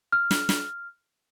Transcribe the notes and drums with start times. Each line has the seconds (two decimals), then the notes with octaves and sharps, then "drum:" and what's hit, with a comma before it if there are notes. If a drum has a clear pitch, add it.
0.12 F6
0.31 drum: snare
0.49 drum: snare